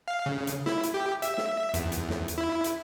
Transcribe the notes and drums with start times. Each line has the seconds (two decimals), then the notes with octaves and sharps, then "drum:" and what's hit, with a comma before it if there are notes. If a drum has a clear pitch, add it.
0.08 F5
0.26 C#3
0.47 drum: hi-hat
0.66 E4, drum: snare
0.83 drum: hi-hat
0.94 G4
1.22 E5, drum: hi-hat
1.38 drum: snare
1.74 E2, drum: hi-hat
1.92 drum: hi-hat
2.10 drum: snare
2.28 drum: hi-hat
2.38 E4
2.64 drum: hi-hat